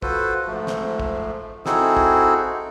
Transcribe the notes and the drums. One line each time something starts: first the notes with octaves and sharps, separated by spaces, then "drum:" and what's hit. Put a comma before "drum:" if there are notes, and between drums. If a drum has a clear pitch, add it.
F4 F#4 A4 B4 C5, drum: kick
G#2 F3 A3
drum: snare
drum: kick
C4 D#4 E4 F#4 G#4 A4, drum: snare
drum: kick